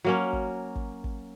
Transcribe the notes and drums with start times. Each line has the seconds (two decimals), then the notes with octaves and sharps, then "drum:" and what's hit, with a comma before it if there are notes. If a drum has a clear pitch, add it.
0.04 F#3 A#3 C#4
0.33 drum: kick
0.76 drum: kick
1.04 drum: kick